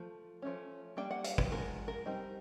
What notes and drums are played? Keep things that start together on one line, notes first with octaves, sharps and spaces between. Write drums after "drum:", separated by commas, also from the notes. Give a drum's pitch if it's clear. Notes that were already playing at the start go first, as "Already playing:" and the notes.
Already playing: F3 A3
F3 A3 C#4
G3 A#3 D4 G5
F#5
F5, drum: hi-hat
B4, drum: kick
F3 G#3 B3 A#4
A#4
G3 C4 D#4